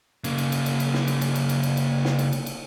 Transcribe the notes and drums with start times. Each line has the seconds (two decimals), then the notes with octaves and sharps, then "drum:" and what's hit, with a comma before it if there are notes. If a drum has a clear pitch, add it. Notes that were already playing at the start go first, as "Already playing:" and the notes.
0.24 C#3 A#3, drum: cymbal
0.38 drum: cymbal
0.52 drum: cymbal
0.66 drum: cymbal
0.80 drum: cymbal
0.94 drum: snare
1.08 drum: cymbal
1.21 drum: cymbal
1.35 drum: cymbal
1.49 drum: cymbal
1.63 drum: cymbal
1.77 drum: cymbal
2.05 drum: snare
2.19 drum: cymbal
2.33 drum: cymbal
2.46 drum: cymbal